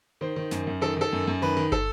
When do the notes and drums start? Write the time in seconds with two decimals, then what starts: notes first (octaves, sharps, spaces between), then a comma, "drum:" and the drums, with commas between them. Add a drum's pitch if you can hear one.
0.21 D#3 C5
0.36 D#3
0.51 F#2, drum: snare
0.67 F#2
0.81 D#3 A4
0.97 D#3 A4
1.12 F#2
1.27 F#2
1.42 D#3 B4
1.57 D#3
1.72 A4, drum: kick